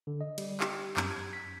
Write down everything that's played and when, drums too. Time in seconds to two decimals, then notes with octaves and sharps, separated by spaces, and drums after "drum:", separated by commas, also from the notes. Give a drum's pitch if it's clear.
0.07 D3
0.21 D#5
0.38 G3, drum: cymbal
0.60 G4, drum: clap
0.97 F#2, drum: clap
1.11 G#6
1.33 B6